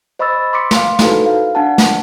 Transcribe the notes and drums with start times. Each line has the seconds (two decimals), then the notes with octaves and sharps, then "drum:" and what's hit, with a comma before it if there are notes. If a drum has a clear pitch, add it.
0.19 C5 D#5 B5 C#6 E6 A6
0.53 C6 D6 B6 C#7
0.71 F5 C6, drum: snare
0.99 D#4 E4 F#4 A4 B4 C5, drum: snare
1.26 F5
1.55 D4 F#5 A5
1.78 drum: snare